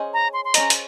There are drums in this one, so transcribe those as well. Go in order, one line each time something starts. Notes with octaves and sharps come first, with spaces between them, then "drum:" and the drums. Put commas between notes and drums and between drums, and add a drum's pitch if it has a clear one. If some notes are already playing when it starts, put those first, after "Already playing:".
Already playing: C#4 G#4 C5 D#5
A#5
C6
C6
C#4 G#4 C5 D#5 A#5, drum: hi-hat
drum: hi-hat